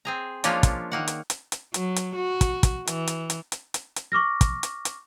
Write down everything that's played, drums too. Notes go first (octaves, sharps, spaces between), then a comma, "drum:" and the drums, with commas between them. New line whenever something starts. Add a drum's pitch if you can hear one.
C4 G#4 A#5
F3 G#3 A#3 C#4 D4 F4, drum: hi-hat
drum: kick, hi-hat
D#3 A#3 F#5
drum: hi-hat
drum: hi-hat
drum: hi-hat
F#3, drum: hi-hat
drum: hi-hat
F#4
drum: kick, hi-hat
drum: kick, hi-hat
E3, drum: hi-hat
drum: hi-hat
drum: hi-hat
drum: hi-hat
drum: hi-hat
drum: hi-hat
C#6 D6 F6 A#6
drum: kick, hi-hat
drum: hi-hat
drum: hi-hat